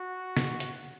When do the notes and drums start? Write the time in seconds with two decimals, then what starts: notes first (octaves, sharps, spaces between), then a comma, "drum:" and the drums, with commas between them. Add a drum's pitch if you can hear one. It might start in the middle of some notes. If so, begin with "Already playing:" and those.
Already playing: F#4
0.37 drum: snare
0.60 drum: hi-hat